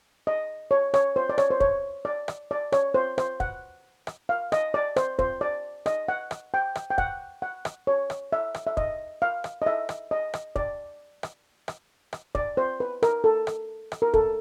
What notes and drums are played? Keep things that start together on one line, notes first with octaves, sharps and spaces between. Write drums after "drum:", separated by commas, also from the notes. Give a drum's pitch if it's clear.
D#5
C#5
C#5, drum: rim click
C5
D5
C#5, drum: rim click
C5
C#5, drum: kick
D5
drum: rim click
D5
C#5, drum: rim click
C5
C5, drum: rim click
F#5, drum: kick
drum: rim click
F5
D#5, drum: rim click
D5
C5, drum: rim click
C5, drum: kick
D5
D#5, drum: rim click
F#5
drum: rim click
G5
drum: rim click
G5
F#5, drum: kick
F#5
drum: rim click
C#5
drum: rim click
E5
drum: rim click
E5
D#5, drum: kick
F5
drum: rim click
D#5
E5
drum: rim click
D#5
drum: rim click
D5, drum: kick
drum: rim click
drum: rim click
drum: rim click
D5, drum: kick
C5
B4
A#4, drum: rim click
A4
drum: rim click
drum: rim click
A#4
A4, drum: kick